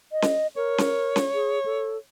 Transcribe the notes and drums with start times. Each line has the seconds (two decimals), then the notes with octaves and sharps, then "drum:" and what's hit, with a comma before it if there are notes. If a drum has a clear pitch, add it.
0.12 D#5
0.22 drum: snare C#4
0.56 A#4 C#5
0.78 drum: snare C#4
1.16 drum: snare C#4
1.34 G#4
1.65 A4